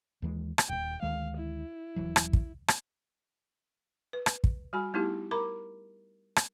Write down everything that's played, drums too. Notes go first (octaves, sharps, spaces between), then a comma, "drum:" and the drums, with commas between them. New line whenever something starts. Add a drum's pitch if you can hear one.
D#2 E3 G#3
drum: rim click
D#1 G5
D2 D#3 G#3 F5
E4
D#1 E3 F#3
drum: rim click
drum: kick
drum: rim click
B4
drum: rim click
drum: kick
G3 F#4 G#5 B5
G3 A3 B3 D#4 E4 G4
A#4 A#5 B5 D6
drum: rim click